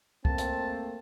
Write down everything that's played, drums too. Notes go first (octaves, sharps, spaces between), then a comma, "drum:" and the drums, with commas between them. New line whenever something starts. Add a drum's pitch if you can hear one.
A3 A#3 C4 A5, drum: kick
drum: hi-hat